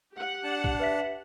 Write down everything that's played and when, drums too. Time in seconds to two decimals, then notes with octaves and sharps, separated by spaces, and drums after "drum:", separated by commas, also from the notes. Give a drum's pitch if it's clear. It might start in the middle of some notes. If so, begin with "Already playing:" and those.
0.14 G4 F#5
0.44 D4 A5
0.64 drum: kick
0.80 B4 E5 B6